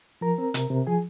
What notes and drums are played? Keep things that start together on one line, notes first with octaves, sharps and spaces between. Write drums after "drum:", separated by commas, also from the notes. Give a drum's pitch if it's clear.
F3 A#4 A#5
C4
C3, drum: hi-hat
C3
F3 G#4 G#5